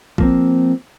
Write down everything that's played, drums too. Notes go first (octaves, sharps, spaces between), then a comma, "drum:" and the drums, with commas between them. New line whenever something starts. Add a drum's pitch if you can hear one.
F3 A#3 C4, drum: kick A1